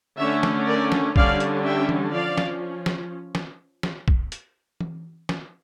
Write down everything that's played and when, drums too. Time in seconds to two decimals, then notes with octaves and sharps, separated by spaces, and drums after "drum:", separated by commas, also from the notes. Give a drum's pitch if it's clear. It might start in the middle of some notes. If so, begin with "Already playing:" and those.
0.18 D3 A3 C#4 C#5 E5
0.43 drum: snare
0.68 A#4 D5
0.92 drum: snare
1.16 D3 G3 C#4 D5 F5, drum: kick
1.40 drum: hi-hat
1.65 E5 G5
1.89 drum: tom E3
2.13 F3 C#4 D5 F5
2.38 drum: snare
2.86 drum: snare
3.35 drum: snare
3.83 drum: snare
4.08 drum: kick
4.32 drum: hi-hat
4.81 drum: tom E3
5.29 drum: snare